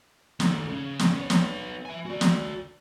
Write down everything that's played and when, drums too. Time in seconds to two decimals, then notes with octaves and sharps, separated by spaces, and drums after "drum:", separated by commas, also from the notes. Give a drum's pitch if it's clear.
0.40 D#3 A3, drum: snare
0.69 C#3
0.99 drum: snare
1.16 B3 C#5
1.30 drum: snare
1.85 E5 G#5
2.06 F#4 D5
2.21 drum: snare